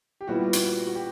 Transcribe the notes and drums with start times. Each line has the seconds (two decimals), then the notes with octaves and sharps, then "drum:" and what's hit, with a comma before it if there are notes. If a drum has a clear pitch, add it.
0.21 G4
0.27 A#2 G3 B3 E4 F#4
0.53 drum: hi-hat
0.87 F#4
0.95 G4